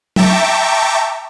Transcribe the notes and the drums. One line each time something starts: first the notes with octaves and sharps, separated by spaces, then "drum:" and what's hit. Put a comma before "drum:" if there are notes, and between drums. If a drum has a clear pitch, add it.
E5 G5 A5 A#5 C#6 D6, drum: tom F#3